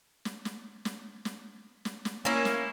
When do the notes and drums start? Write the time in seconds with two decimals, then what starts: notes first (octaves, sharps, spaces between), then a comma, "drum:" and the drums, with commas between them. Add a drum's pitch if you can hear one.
0.25 drum: snare
0.45 drum: snare
0.85 drum: snare
1.25 drum: snare
1.85 drum: snare
2.05 drum: snare
2.25 A#3 C#4 E4
2.45 drum: snare